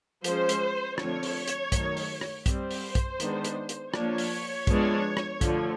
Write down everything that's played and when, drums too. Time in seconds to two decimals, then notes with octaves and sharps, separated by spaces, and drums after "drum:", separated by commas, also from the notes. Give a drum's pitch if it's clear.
0.24 F3 G#3 C#4 C5, drum: hi-hat
0.49 drum: hi-hat
0.98 D3 F3 A3 C4 C#5, drum: rim click
1.23 drum: open hi-hat
1.48 drum: hi-hat
1.72 D#3 F#3 A3, drum: kick, hi-hat
1.97 drum: open hi-hat
2.21 drum: rim click
2.46 G3 C4 C5, drum: kick, hi-hat
2.71 drum: open hi-hat
2.95 drum: kick, hi-hat
3.20 D#3 G#3 B3 D4, drum: hi-hat
3.44 drum: hi-hat
3.69 drum: hi-hat
3.94 F3 A#3 D4 C#5, drum: rim click
4.18 drum: open hi-hat
4.67 F3 G#3 B3 D4, drum: kick, hi-hat
5.17 drum: rim click
5.41 D3 F3 A3, drum: kick, hi-hat